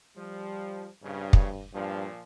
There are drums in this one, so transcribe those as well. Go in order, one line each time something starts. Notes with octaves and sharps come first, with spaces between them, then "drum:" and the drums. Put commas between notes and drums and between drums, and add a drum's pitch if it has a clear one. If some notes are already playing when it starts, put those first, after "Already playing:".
F3 G3
A#1 G2 C#3
drum: kick
G2 A#2 F3